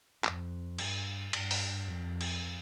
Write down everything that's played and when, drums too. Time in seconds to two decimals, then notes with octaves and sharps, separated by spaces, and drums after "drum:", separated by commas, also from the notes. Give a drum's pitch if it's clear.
0.24 F2, drum: clap
0.78 G2, drum: cymbal
1.33 G2, drum: cymbal
1.51 drum: open hi-hat
1.87 F2
2.21 drum: cymbal